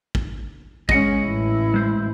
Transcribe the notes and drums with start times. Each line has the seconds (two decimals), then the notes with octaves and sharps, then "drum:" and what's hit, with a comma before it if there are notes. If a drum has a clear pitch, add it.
0.15 drum: kick
0.89 G#3 C#4 D#5 F#5, drum: kick
1.25 A1 E4
1.74 G#3 C5